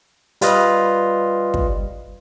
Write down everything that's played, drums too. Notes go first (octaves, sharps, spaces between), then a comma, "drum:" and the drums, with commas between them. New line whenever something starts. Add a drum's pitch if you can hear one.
G3 F4 B4 D#5, drum: hi-hat
drum: kick